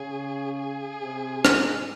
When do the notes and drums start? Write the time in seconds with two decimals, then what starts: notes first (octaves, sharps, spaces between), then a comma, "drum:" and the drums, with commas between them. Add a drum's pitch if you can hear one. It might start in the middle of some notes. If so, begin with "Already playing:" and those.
Already playing: C#3 G#4
0.59 G#4
1.02 C3
1.45 G#2, drum: rim click